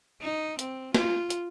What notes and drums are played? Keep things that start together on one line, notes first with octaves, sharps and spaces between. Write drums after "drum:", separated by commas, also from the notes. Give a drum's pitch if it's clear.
D#4
C4, drum: hi-hat
F4, drum: snare
drum: hi-hat